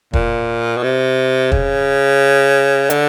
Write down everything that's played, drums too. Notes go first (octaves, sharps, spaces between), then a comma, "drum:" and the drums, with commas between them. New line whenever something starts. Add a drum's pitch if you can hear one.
A#2, drum: kick
B2
C3
C#3, drum: kick
D3, drum: hi-hat